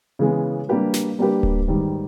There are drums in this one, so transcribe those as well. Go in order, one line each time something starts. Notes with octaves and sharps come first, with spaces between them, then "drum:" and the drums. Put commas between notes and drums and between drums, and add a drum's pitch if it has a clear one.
C#3 E3 G#3 B3
G3 A#3 D4 G4 B4
drum: snare
G3 A#3 D4 G4 B4
drum: kick D1
G#2 D#3 G3